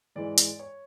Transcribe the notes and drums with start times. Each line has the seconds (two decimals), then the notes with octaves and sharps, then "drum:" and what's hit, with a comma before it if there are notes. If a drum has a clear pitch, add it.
0.16 G#2 E3 G#3 D5
0.38 drum: hi-hat
0.59 C#5